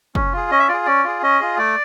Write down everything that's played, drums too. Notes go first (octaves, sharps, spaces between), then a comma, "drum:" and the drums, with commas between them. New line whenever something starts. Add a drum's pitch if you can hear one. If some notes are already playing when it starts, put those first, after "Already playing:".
C#4, drum: kick
F4 G#4
C#4 D#5
E5
F4 G#4 D5
C#4 D5
F4 G#4
C#4 D#5
F4 G#4
A3 D5